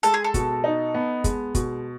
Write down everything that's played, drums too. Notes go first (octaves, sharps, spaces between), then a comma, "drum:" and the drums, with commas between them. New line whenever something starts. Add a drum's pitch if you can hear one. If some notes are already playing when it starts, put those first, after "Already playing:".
G#3 A4, drum: hi-hat
G#4
A4
B2, drum: kick, hi-hat
D#4
B3
G#3, drum: kick, hi-hat
B2, drum: kick, hi-hat